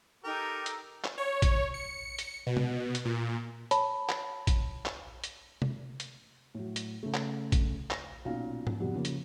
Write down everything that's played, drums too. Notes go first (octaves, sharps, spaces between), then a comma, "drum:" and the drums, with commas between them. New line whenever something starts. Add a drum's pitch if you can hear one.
D#4 G4 A4 A#4 G5
drum: hi-hat
drum: clap
C#5
drum: kick A#1, hi-hat
C#7
drum: hi-hat
B2
drum: tom C3
drum: hi-hat
A#2
C#5 A5 B5, drum: hi-hat
drum: clap
drum: kick A#1, hi-hat
drum: clap
drum: hi-hat
drum: tom C3
drum: hi-hat
A2 F#3
drum: hi-hat
C#3 A3
drum: clap
drum: kick A#1, hi-hat
A#6, drum: clap
B1 A#2 C#4 F5
drum: tom G#2
F2 C3 F#3 G3 B3 C4
C#3 F3 A#3
drum: hi-hat